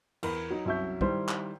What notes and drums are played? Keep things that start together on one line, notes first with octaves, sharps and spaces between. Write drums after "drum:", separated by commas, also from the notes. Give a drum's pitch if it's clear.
E2 A#4 B5, drum: cymbal
F#3 D#4
C2 F#2 F#3 E5 C#6 G6
D#3 G3 E4 C5, drum: kick
drum: clap